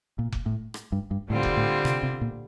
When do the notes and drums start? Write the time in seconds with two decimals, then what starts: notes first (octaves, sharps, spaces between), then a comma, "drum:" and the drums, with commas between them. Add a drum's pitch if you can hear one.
0.19 A#2
0.33 drum: kick F1
0.46 A2
0.74 drum: rim click
0.92 G2
1.11 G2
1.30 A2 D3 G3 C4 F4
1.43 drum: kick F1
1.57 A2
1.85 C3, drum: rim click
2.03 C3
2.21 A#2